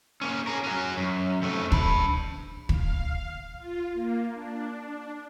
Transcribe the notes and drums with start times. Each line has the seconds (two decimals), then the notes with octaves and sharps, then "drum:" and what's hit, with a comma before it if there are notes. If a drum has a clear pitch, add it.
0.21 A#3 C#4
0.47 G#4 A#4
0.64 C#4 F#4
0.97 F#2
1.42 F2 A3
1.72 D4 B5, drum: kick
2.69 F5, drum: kick
3.58 F4
3.94 A#3
4.34 D4